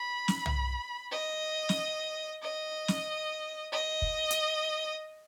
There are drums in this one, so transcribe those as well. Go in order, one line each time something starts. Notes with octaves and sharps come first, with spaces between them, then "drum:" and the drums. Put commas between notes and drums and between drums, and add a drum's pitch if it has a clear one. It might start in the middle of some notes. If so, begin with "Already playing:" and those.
Already playing: B5
drum: snare
drum: tom
D#5
drum: snare
D#5
drum: snare
D#5
drum: kick
drum: hi-hat